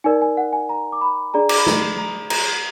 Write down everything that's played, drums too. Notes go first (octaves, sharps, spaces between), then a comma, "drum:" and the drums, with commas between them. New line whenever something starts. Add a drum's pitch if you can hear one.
D#4 A#4 D5 G#5
G#5
F#5
G#5
A#5
D6
B5
D4 G#4 D5 A#5
D6, drum: cymbal
B5
A#5, drum: snare
A#5
A#5, drum: cymbal